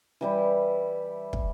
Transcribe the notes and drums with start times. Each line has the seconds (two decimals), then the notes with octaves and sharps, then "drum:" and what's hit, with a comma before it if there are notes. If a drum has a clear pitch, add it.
0.21 E3 G3 E4
1.33 drum: kick